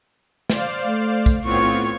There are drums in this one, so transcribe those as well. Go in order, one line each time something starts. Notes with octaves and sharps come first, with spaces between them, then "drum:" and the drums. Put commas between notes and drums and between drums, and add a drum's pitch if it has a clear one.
C5 D5 F5, drum: snare
A3
drum: kick, tambourine
A2 B3 C4 F4 C#5 C#6